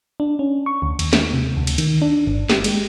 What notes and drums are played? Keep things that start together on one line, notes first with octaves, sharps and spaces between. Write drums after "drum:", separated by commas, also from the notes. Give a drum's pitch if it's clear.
D4
C#4
C#6
D2
D#2, drum: cymbal
drum: snare
C3
D2
drum: cymbal
D#3, drum: cymbal
D4
G1
G4, drum: snare
G#3, drum: cymbal